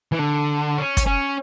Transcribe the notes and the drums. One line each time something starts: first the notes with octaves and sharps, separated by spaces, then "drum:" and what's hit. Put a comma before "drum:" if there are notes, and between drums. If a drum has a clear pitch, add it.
E3
D3
C#4
drum: kick, hi-hat
C#4